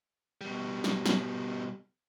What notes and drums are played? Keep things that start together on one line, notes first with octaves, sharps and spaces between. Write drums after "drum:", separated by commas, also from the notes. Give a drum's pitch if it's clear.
B2 G3
drum: snare
drum: snare